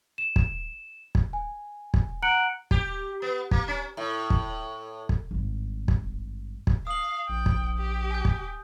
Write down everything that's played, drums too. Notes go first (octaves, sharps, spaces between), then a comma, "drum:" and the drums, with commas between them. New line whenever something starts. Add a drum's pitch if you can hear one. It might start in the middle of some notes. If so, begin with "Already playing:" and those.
E7
drum: kick
drum: kick
G#5
drum: kick
F#5 A#5 F#6 C#7 D7 F#7
G4, drum: kick
B3
A#3, drum: kick
C#4
A2
drum: kick
drum: kick
G#1 G2
drum: kick
drum: kick
F5 D#6 F#7
A#1 G5
drum: kick
G4
G#5 G6
drum: kick